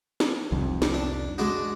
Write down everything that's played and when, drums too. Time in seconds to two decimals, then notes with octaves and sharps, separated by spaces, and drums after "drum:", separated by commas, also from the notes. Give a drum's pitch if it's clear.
0.20 drum: snare
0.52 C2 F2
0.82 drum: snare
0.94 D4
1.38 G#3 D4 F#4